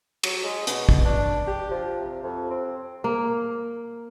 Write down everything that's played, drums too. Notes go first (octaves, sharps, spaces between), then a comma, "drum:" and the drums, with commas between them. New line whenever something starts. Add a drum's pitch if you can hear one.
F#3, drum: cymbal
G#3
B2, drum: hi-hat
drum: kick
D4
G4
F3
C3
F2
C4
A#3